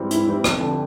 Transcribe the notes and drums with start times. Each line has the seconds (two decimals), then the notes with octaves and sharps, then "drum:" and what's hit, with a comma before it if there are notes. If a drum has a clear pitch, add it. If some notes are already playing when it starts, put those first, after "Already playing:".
Already playing: G#2 E3 G3 C4
0.11 G#2 E4, drum: hi-hat
0.27 E3 G3 C4
0.44 F1, drum: rim click
0.61 F2 D3